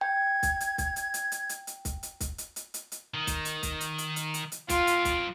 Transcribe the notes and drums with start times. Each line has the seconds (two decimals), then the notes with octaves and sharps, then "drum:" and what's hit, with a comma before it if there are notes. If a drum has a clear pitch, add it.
0.01 G5 G#6
0.43 drum: kick, hi-hat
0.60 drum: hi-hat
0.78 drum: kick, hi-hat
0.96 drum: hi-hat
1.14 drum: hi-hat
1.32 drum: hi-hat
1.49 drum: hi-hat
1.67 drum: hi-hat
1.85 drum: kick, hi-hat
2.03 drum: hi-hat
2.20 drum: kick, hi-hat
2.38 drum: hi-hat
2.56 drum: hi-hat
2.74 drum: hi-hat
2.92 drum: hi-hat
3.14 D#3
3.27 drum: kick, hi-hat
3.45 drum: hi-hat
3.63 drum: kick, hi-hat
3.81 drum: hi-hat
3.98 drum: hi-hat
4.16 drum: hi-hat
4.34 drum: hi-hat
4.52 drum: hi-hat
4.69 F3 F4 G5, drum: kick, hi-hat
4.87 drum: hi-hat
5.05 drum: kick, hi-hat